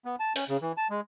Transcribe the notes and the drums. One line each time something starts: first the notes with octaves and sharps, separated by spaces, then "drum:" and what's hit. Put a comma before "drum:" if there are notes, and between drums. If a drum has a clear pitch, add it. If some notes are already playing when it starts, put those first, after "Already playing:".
B3
A5
C#4, drum: open hi-hat
C#3
E3
A5
G#3